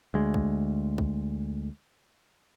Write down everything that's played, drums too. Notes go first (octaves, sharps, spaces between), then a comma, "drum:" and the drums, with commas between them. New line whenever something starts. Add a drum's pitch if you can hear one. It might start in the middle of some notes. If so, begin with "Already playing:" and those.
D2 G#3
drum: kick
drum: kick